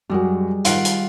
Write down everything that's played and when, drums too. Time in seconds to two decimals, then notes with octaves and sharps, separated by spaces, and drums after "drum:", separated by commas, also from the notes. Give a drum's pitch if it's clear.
0.10 F#2 G3 G#3 F#4
0.65 D#3 F4 F#5, drum: hi-hat
0.85 drum: hi-hat